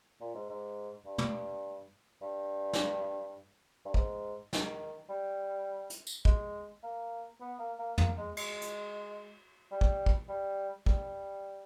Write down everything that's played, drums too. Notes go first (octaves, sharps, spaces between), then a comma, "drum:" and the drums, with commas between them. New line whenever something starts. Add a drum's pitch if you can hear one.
A#2
G#2
G#2
G2
drum: tom
G2
drum: snare
G2
G#2, drum: kick
D#3, drum: snare
G3
drum: hi-hat
drum: tambourine
G#3, drum: kick
A#3
B3
A#3
A#3
A#3, drum: tom
G#3
G#3, drum: cymbal
drum: hi-hat
G3
drum: kick
drum: kick
G3
G3, drum: kick